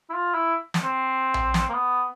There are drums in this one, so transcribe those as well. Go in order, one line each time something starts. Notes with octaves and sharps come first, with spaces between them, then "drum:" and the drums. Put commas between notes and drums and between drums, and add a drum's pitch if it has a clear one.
E4
F4
E4
drum: snare
C4
drum: tom A#1
drum: snare
A#3
B3